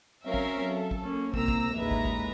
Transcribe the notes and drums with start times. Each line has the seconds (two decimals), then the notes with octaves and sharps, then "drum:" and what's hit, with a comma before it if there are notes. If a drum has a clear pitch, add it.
0.25 F#3 C4 C#4 A#4 E5 F5
0.34 drum: kick
0.71 A4
0.91 drum: kick
1.03 A#3 C#4
1.34 C2 A#3 C4 A#5 E6, drum: kick
1.48 drum: kick
1.77 A1 D#2 G#3 B4 E5 A#5
1.91 drum: kick
2.05 drum: kick